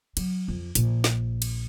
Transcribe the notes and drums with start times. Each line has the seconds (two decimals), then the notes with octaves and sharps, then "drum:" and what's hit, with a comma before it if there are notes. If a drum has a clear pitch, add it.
0.17 F#3, drum: cymbal
0.48 F2
0.75 A#1, drum: hi-hat
1.04 drum: snare
1.42 drum: cymbal